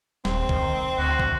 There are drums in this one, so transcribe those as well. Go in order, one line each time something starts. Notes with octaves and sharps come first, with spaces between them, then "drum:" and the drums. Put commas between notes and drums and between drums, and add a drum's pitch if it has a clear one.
D#1 C4, drum: snare
D#3, drum: kick
D2 F#4
drum: kick